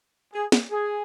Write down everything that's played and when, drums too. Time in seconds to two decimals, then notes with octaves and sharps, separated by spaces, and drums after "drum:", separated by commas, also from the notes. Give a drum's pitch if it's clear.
0.34 G#4
0.52 drum: snare
0.71 G#4